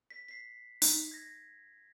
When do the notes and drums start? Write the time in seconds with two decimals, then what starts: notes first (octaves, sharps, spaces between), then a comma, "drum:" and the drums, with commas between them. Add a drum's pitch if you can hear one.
0.10 B6
0.28 B6 C7
0.82 D#4, drum: open hi-hat
1.11 G#6 A#6